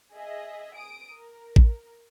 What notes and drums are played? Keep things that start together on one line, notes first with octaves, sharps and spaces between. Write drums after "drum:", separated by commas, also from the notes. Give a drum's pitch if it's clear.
G#4 D#5 E5
D#6 D7
A#4
drum: kick A1